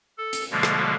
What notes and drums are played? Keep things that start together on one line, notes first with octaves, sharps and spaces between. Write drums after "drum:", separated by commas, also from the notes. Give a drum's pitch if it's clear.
A4
drum: hi-hat
B2 D3 F3 G3 G#3 A#3
drum: rim click